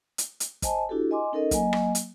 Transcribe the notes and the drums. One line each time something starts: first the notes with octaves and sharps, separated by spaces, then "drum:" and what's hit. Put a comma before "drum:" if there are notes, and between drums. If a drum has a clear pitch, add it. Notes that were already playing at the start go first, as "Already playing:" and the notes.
drum: hi-hat
drum: hi-hat
C5 D#5 G#5 A5, drum: kick, hi-hat
D4 E4 F#4 G4 A4
D#5 G#5 C6 D6
C#4 D#4 A4 A#4 D#5
F#3 A#3 D#5 G#5, drum: kick, hi-hat
drum: rim click
drum: hi-hat